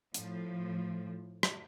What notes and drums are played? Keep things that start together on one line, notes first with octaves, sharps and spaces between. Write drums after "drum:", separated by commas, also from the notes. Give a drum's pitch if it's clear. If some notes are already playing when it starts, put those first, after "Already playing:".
A2 F3, drum: hi-hat
drum: rim click